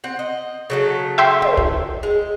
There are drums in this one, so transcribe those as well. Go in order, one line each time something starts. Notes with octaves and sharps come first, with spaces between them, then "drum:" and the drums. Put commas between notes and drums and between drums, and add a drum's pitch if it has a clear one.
C4 F#5
D#5
C#3 F#3 A3
E5 G5 C6
drum: tom
drum: kick
G#3